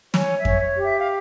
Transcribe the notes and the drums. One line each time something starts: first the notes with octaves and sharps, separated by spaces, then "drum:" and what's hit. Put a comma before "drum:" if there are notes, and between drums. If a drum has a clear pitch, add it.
C#5 G#5, drum: snare
E5
C#5, drum: kick F2
C#5
G4
E5
F5